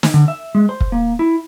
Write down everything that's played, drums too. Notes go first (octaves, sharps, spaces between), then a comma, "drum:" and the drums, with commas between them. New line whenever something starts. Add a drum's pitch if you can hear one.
drum: snare
D3
E5
G#3
C5
drum: kick
A#3
E4